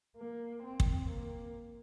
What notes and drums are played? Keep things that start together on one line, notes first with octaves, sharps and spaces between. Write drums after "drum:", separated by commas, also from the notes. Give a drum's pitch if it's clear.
A#3
C4
drum: kick
A#3